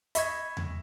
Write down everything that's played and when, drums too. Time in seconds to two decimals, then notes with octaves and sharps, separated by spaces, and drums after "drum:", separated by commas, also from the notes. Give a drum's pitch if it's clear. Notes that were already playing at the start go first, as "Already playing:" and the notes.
0.15 D#5 E5 B5 C#6 G#6, drum: hi-hat
0.57 drum: tom E2